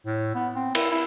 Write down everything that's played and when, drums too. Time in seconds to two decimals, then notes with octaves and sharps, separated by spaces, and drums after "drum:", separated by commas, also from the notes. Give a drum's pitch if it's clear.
0.06 A2
0.35 B3
0.56 C4
0.75 E4, drum: cymbal
0.92 E4